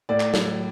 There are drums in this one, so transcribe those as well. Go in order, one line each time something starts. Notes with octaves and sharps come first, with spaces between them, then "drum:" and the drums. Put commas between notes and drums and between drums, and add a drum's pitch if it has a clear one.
A2 D5
drum: clap
F#3, drum: snare